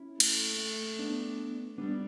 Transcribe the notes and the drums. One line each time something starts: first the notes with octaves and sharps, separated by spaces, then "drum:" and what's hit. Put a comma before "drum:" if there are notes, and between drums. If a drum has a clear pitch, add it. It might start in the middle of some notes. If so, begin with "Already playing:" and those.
Already playing: C#4 E4
A3, drum: cymbal
B3 D4
G3 B3 D4